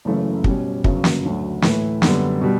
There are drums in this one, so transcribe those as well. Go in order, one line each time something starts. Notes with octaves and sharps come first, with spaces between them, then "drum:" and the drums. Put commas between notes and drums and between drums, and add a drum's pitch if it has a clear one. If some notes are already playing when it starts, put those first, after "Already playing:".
F#1 F#2 C#3 E3 A3
B2 G3 C#4 G4, drum: kick
G1 F#2 C#3 F#3, drum: kick
drum: snare
D2 D3 F#3
A2 E3 A3 E4 B4, drum: snare
F#2 D3 G3 B3, drum: snare
B2 G3